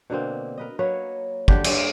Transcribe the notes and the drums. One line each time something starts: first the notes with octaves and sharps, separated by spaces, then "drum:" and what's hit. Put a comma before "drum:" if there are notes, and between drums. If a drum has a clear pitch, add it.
B2 D3 A#3 C4
A#4 B4 D#5
F#3 A#3 B4 C#5
D3 G4 F#5, drum: kick
G2 C#5 D5, drum: cymbal